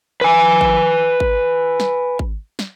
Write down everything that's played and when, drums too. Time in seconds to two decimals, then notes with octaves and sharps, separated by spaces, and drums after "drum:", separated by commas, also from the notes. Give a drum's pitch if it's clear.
0.21 B4 G#5
0.61 drum: kick G#1
1.20 drum: kick G#1
1.80 drum: snare
2.19 drum: kick G#1
2.59 drum: snare